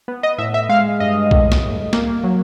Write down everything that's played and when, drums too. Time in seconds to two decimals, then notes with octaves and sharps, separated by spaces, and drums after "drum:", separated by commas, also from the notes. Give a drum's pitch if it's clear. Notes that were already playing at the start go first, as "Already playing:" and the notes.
0.08 B3
0.23 D#5
0.38 A2 E5
0.54 E5
0.69 G#3 F5
1.00 G2 D#5
1.31 A2, drum: kick B1
1.52 drum: snare
1.62 A2
1.93 A#3, drum: snare
2.24 F#3